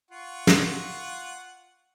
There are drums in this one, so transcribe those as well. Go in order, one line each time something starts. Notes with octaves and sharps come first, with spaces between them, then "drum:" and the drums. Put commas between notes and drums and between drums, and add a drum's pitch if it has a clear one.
F4 F#5 C#6
drum: snare